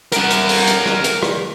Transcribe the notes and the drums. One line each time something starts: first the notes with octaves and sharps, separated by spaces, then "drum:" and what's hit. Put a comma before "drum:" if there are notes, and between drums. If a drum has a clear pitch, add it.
A#4 F#5, drum: hi-hat
drum: hi-hat
drum: open hi-hat
drum: hi-hat
drum: rim click
drum: hi-hat
drum: rim click